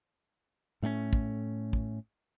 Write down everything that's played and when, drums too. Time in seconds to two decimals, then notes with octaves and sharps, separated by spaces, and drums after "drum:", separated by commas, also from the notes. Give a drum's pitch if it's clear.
0.82 A2 A3 C4 C#4
1.13 drum: kick
1.73 drum: kick